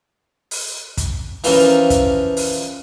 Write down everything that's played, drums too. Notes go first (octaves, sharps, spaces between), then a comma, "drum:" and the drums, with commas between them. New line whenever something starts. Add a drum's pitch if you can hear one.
drum: open hi-hat
drum: kick, hi-hat
E3 F3 C#4 A#4, drum: open hi-hat
drum: kick, hi-hat
drum: open hi-hat